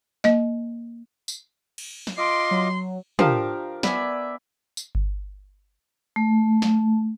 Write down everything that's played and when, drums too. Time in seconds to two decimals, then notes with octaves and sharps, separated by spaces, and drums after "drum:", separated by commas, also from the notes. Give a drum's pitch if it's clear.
0.24 A#3 D#5, drum: snare
1.28 drum: tambourine
1.78 drum: cymbal
2.07 drum: snare
2.18 F4 D#5 C6 D6 D7
2.51 F#3
3.19 F3 D4 G4 A#4 F5, drum: tom
3.83 B3 D5 E5 G#5, drum: snare
4.77 drum: tambourine
4.95 drum: kick G1
6.16 A3
6.62 drum: snare